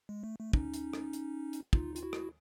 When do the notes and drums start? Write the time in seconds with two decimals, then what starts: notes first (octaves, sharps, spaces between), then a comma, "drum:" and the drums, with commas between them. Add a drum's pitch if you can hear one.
0.09 G#3
0.24 A3
0.39 A3
0.53 C#4 D#4, drum: kick
0.74 drum: hi-hat
0.93 drum: rim click
1.13 drum: hi-hat
1.53 drum: hi-hat
1.73 D#4 F4, drum: kick
1.96 F4, drum: hi-hat
2.03 E4 F#4
2.13 drum: rim click